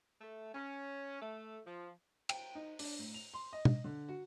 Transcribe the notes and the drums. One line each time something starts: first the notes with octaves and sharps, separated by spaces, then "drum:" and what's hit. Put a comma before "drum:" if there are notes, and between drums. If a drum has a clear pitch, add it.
A3
C#4
A3
F3
G5, drum: cymbal
D#4
D4, drum: open hi-hat
A2
F7
C6
D#5
drum: tom
D3
F#4